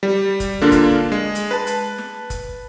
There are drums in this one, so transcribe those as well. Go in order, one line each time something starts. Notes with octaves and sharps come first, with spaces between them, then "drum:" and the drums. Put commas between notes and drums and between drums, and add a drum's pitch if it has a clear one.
G3
drum: kick F1, hi-hat
D3 A#3 D4 F4 A#4
drum: kick F1, hi-hat
G#3
drum: hi-hat
B4 A5
drum: hi-hat
drum: snare
drum: kick F1, hi-hat